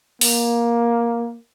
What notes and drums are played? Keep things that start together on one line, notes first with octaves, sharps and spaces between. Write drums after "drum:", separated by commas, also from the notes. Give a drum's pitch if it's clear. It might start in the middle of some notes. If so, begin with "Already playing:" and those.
A#3, drum: open hi-hat